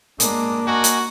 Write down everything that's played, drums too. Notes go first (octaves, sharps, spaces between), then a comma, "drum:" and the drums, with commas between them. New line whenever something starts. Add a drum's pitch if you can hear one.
G#3 A#3 D4 D#6, drum: hi-hat
F#4 A#4 D#5 G#5
drum: hi-hat